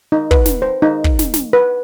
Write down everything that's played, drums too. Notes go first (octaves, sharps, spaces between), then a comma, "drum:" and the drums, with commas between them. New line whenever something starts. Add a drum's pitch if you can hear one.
D#4
B4, drum: kick
drum: snare
C5
D#4
drum: kick
drum: snare
drum: snare
B4